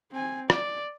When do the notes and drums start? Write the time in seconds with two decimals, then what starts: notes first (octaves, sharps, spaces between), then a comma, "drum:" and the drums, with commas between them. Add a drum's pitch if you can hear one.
0.12 C4 G#5
0.50 D5, drum: rim click